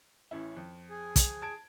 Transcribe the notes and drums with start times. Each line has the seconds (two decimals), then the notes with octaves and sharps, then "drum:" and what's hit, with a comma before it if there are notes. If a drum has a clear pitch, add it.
0.31 A1 C#4 E4
0.57 F2
0.90 G#4
1.16 drum: kick, hi-hat
1.42 A5 G#6 D7